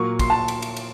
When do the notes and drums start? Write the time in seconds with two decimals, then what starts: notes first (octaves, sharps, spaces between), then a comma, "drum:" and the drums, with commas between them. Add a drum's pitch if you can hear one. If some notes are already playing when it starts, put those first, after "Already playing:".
Already playing: A#2 F#3 A#3 C#6
0.19 C6, drum: kick, cymbal
0.30 A5
0.48 drum: cymbal
0.62 drum: cymbal
0.77 drum: cymbal